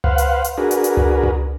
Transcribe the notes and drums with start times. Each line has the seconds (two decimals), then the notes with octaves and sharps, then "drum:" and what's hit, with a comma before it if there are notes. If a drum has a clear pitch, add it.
0.04 B4 C5 F5 F#5, drum: tom C#2
0.18 drum: hi-hat
0.44 drum: hi-hat
0.58 D4 F#4 G#4 A#4 B4
0.71 drum: hi-hat
0.84 drum: hi-hat
0.97 drum: tom C#2
1.23 drum: tom C#2